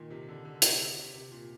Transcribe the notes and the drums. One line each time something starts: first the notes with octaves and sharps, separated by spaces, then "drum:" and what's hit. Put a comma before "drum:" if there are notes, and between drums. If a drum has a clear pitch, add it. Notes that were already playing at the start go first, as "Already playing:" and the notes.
Already playing: A#2 D#3
C3
D3
D3
C3, drum: hi-hat
C3
C3
A#2